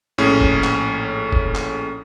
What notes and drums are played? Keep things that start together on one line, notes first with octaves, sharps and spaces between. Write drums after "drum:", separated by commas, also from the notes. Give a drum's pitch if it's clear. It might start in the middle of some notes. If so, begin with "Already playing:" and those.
A#1 A2 C#4 G#4
drum: kick
drum: clap
drum: kick
drum: clap